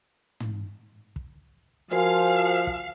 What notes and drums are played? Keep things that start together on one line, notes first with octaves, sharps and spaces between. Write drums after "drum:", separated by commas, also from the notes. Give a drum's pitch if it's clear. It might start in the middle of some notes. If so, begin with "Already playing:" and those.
drum: tom
drum: kick
F3 F#4 A#4 C5 F5 G#5
drum: kick